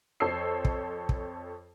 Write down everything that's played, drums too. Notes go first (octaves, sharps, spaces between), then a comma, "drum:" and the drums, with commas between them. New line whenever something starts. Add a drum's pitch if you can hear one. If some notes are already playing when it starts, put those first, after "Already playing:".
F2 A4 C5 C#5 E6 C7
drum: kick
drum: kick